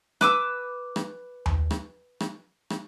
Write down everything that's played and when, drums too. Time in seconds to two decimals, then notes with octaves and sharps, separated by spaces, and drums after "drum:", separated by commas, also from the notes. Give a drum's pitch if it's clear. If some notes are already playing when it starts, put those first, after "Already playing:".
0.21 B4 D6 E6, drum: rim click
0.96 drum: rim click
1.46 drum: tom D#2
1.71 drum: rim click
2.20 drum: rim click
2.70 drum: rim click